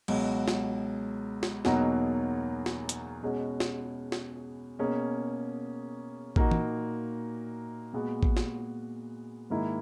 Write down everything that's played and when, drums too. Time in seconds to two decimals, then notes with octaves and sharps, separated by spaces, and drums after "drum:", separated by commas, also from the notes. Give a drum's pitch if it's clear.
0.08 C#2 B2 F#3, drum: cymbal
0.48 drum: snare
1.43 drum: snare
1.65 E2 B2 F#3 A#3 D#4, drum: snare
2.66 drum: snare
2.89 drum: hi-hat
3.22 B2 G#3 C#4 F#4
3.60 drum: snare
4.12 drum: snare
4.79 B2 A#3 C#4 G#4
6.36 A#2 A#3 D#4 F#4, drum: kick
6.52 drum: tom E3
7.93 A#2 G#3 B3 F#4
8.23 drum: kick
8.37 drum: snare
9.50 G#2 D#3 A#3 E4